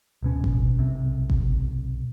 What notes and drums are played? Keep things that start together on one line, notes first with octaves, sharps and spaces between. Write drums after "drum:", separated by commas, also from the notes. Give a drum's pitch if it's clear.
D1 B2 C#4
drum: kick G#1
B1 C3
drum: kick G#1